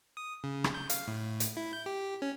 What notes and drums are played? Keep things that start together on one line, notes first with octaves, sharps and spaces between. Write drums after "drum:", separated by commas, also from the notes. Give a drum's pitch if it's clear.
D#6
C#3
drum: rim click
G6
F5, drum: hi-hat
A2
drum: hi-hat
E4
G6
G4
C#4